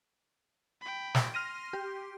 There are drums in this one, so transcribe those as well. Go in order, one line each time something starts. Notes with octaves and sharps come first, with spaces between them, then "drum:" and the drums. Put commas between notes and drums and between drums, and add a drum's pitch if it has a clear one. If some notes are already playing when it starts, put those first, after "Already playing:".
G5 B5
drum: snare
C6 F6 A#6 D#7
G4